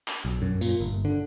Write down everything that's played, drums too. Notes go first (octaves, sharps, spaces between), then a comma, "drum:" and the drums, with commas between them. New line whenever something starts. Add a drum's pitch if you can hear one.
drum: clap
B1
F#2
A#2, drum: tambourine
G1
D3